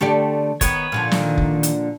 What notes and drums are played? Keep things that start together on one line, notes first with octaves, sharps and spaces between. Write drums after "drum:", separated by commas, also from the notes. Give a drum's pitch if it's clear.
D3 A3 G4 D5
D#3 B3 B4 C#5, drum: kick F1, hi-hat
A#2 D3 F3
D#3, drum: snare
drum: kick F1
drum: hi-hat